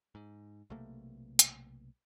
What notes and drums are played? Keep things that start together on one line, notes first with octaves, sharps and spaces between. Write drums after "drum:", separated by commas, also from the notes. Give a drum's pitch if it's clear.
G#2
B1 C3 A3 A#3
drum: hi-hat